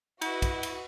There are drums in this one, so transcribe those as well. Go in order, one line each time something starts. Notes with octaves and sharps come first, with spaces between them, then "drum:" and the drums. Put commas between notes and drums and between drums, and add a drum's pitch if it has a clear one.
E4 F#4 B4 D#5, drum: cymbal
drum: kick, cymbal
drum: cymbal